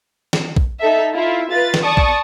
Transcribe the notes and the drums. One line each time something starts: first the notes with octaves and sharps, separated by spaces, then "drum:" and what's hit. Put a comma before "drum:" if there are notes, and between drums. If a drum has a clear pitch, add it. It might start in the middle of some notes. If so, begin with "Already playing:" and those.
drum: snare
drum: kick
D#4 A4 E5
E4 F4 E5
F4 B4 A6
drum: snare
D5 A5 C#6 D#6
drum: kick